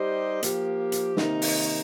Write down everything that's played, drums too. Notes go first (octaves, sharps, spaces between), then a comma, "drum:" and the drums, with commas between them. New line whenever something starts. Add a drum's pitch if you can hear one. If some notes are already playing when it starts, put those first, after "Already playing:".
Already playing: G3 D#4 G4 C5 D#5
F3 A#3 G4, drum: hi-hat
drum: hi-hat
C3 D#3 A#3 D#4, drum: snare
drum: open hi-hat